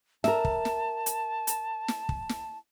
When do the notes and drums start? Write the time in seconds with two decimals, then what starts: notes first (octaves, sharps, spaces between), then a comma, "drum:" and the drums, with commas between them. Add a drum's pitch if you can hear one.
0.24 A#4 E5 A5, drum: snare
0.45 drum: kick
0.65 drum: snare
1.06 drum: hi-hat
1.47 drum: hi-hat
1.88 drum: snare
2.09 drum: kick
2.29 drum: snare